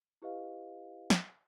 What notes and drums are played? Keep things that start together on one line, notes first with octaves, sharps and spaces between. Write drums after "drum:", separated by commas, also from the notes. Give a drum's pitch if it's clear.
E4 G4 B4 D#5 F5
drum: snare